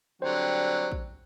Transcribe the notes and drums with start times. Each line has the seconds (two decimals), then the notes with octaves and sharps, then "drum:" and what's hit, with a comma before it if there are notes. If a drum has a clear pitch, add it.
0.22 D3 F#3 G3 C4 G4 C5
0.92 drum: kick A#1